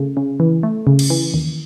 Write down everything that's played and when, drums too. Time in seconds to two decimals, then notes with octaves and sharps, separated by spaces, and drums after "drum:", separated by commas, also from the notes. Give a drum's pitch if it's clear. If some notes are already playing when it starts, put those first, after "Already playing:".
Already playing: C#3 A3
0.17 C#3
0.40 E3
0.63 A3
0.87 C#3
0.99 drum: cymbal
1.10 E3
1.34 D#2